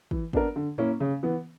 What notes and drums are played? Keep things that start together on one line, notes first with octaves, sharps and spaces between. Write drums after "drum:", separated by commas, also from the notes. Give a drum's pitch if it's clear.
E3, drum: kick
B3 D4 A#4, drum: kick
D3
A#3 C#4 E4, drum: tom A2
C#3
E3 B3